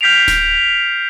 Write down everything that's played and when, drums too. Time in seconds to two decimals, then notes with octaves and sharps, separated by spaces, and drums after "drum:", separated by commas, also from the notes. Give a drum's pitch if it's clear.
0.01 F6 G6 B6 C7 D7 F7
0.28 drum: snare D1